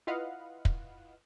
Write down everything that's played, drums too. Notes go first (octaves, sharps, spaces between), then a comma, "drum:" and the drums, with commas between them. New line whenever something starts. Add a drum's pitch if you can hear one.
E4 F4 B4 D#5 F5 F#5
drum: kick